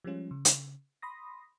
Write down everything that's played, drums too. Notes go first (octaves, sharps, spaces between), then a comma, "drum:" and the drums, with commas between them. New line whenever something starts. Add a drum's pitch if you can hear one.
F3 G3 G#3 C#4 F4
C#3
drum: hi-hat
B5 C6 D#6 A#6